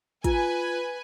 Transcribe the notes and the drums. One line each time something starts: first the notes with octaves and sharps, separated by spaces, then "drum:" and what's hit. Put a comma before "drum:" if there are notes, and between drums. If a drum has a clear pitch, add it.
F4 B4 G#5, drum: kick, hi-hat